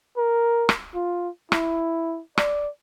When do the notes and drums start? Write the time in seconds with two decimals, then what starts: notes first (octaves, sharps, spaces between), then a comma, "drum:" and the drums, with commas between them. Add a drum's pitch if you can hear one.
0.17 A#4
0.69 drum: rim click
0.95 F4
1.52 E4, drum: rim click
2.38 D5, drum: rim click